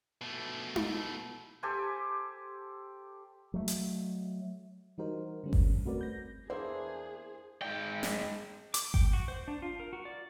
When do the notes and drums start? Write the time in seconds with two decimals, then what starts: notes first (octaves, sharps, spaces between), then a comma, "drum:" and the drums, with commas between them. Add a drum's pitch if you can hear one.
0.21 B2 A3
0.76 drum: tom D#4
1.63 G4 A4 C5 G#5
3.54 F#3 A3
3.68 drum: hi-hat
4.98 E3 G3 D#4 F#4 A#4 C5
5.44 D3 G3 C#4
5.53 drum: kick G1
5.86 A3 C4 F#4 A#4 B4 D5
6.01 G6 A#6
6.50 E2 A#3 D4 E4 G#4 C5
7.62 G#2 G5
8.03 drum: snare
8.74 D6, drum: hi-hat
8.94 G5, drum: kick G1
9.13 F#4
9.28 C5
9.48 D4
9.62 F4
9.80 A#4
9.93 F#4
10.05 D5